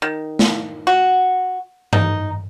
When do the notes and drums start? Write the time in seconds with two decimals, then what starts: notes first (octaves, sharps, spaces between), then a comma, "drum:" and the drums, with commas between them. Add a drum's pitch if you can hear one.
0.02 D#3
0.39 drum: snare
0.87 F#4
1.93 D#4, drum: tom G2